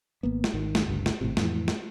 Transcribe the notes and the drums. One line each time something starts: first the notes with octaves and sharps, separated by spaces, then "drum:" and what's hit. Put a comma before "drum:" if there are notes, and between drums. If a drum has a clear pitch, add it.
G#1 A#3 B3
drum: snare
G#1 D#3
drum: snare
G1 C#2 G2
drum: snare
G#1 A2 C3
F2 A2 E3, drum: snare
drum: snare